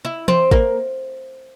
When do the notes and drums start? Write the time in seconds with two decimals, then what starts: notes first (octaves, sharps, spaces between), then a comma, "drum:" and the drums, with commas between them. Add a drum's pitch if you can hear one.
0.05 E4
0.28 C4, drum: tom E3
0.51 A#3, drum: kick